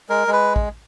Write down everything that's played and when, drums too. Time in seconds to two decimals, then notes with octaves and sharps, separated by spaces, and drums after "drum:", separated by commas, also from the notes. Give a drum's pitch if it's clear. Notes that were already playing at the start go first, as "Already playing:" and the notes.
0.09 G#3 A#4
0.27 G#3
0.33 B4
0.56 drum: kick A1